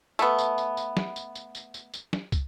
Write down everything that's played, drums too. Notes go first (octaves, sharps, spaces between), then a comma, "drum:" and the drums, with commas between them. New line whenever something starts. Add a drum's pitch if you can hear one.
A3 B3, drum: tambourine
drum: tambourine
drum: tambourine
drum: tambourine
drum: snare
drum: tambourine
drum: tambourine
drum: tambourine
drum: tambourine
drum: tambourine
drum: snare
drum: kick, tambourine